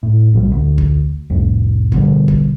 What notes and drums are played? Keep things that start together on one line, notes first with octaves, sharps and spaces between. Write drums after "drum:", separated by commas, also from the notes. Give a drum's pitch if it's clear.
A2
B1 A#2 G3
D2
drum: kick
C2 F2 A2
B2 D3 G3, drum: kick
drum: kick